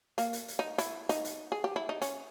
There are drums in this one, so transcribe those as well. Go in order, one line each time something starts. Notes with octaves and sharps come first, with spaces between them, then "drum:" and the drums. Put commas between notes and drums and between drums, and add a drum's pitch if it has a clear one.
A#3, drum: hi-hat
drum: hi-hat
drum: hi-hat
D#4
E4, drum: hi-hat
D#4, drum: hi-hat
drum: hi-hat
G#4
G4
E4
D#4
C#4, drum: hi-hat